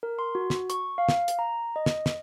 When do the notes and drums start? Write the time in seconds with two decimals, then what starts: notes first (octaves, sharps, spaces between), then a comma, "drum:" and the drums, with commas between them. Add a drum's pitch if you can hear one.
0.03 A#4
0.19 C6
0.35 F#4
0.50 drum: snare
0.70 C#6, drum: hi-hat
0.98 F5
1.09 drum: snare
1.28 drum: hi-hat
1.39 A#5
1.76 D#5
1.86 drum: snare
2.06 drum: snare